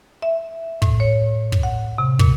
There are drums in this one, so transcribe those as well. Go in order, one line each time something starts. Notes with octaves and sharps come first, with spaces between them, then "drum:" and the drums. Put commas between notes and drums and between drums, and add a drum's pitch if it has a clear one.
E5
A2, drum: kick
C#5
drum: kick
F#5
C3
A#2, drum: kick